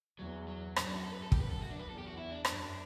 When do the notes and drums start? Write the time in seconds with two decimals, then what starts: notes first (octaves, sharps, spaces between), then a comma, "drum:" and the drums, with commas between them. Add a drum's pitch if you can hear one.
0.19 E2 F#3
0.48 F#3
0.76 F#2, drum: rim click
0.86 D4
0.95 F#4
1.05 A4
1.13 B4
1.23 A4
1.32 F#2 G4, drum: kick
1.41 B4
1.51 A4
1.61 F#4
1.70 D4
1.79 B4
1.88 E2 A4
1.98 G4
2.07 F#4
2.17 E4
2.31 D4
2.45 F#2 D4, drum: rim click